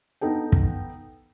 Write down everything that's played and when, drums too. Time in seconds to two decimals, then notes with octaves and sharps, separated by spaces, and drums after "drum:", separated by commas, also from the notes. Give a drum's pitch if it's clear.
0.21 B3 D#4 A4 G5
0.52 drum: kick